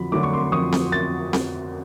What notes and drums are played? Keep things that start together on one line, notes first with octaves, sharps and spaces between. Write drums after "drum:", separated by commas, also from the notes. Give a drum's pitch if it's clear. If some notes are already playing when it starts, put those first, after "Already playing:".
Already playing: F2 D3 F#3 B5
D3 F#3 A3 D6
C#6
C6 D6
F2 C#6 D#6
drum: snare C4
A6
drum: snare C4